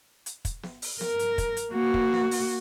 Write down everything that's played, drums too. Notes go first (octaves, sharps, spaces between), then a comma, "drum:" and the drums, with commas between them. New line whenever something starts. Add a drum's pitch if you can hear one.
drum: hi-hat
drum: kick, hi-hat
drum: snare
drum: open hi-hat
A#4, drum: snare
drum: hi-hat
drum: kick, hi-hat
drum: hi-hat
A#3 F#4
drum: kick
drum: snare
drum: open hi-hat